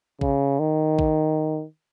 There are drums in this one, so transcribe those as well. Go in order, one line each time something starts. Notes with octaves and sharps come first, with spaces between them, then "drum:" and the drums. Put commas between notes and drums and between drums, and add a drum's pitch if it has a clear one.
C#3, drum: kick A#1
D#3
drum: kick A#1